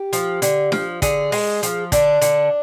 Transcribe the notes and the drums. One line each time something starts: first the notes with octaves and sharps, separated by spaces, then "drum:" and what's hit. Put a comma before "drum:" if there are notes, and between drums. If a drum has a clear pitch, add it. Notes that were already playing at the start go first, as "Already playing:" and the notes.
Already playing: G4
F3, drum: hi-hat
D3, drum: hi-hat
F3, drum: snare D4
D3 G#4, drum: kick, hi-hat
G#3, drum: open hi-hat
F3, drum: hi-hat
D3 D4, drum: kick, hi-hat
D3, drum: hi-hat